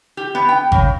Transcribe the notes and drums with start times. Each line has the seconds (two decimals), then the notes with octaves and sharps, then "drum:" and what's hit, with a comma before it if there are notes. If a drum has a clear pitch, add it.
0.17 G4
0.35 B3
0.49 G5
0.72 C#3, drum: kick G#1